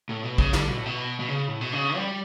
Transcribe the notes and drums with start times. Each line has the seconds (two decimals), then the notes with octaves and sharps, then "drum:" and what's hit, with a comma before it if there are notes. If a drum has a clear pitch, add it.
0.09 A2
0.24 B2
0.38 C#3, drum: kick A#1
0.53 D3, drum: snare
0.68 B2
0.77 A2
0.86 B2
1.20 B2
1.28 C#3
1.48 A2
1.61 B2
1.73 C#3
1.96 G3